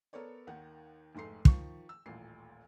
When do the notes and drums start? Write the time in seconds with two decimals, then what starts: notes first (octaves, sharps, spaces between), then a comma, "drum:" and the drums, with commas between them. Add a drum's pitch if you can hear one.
0.13 B3 A4 A#4 C#5 D5
0.47 D#2 D#3 F#5
1.15 F1 G#2 A3 C6 C7
1.45 D#3 F3 C#6, drum: kick
1.89 E6
2.06 D#1 A1 A#2 C7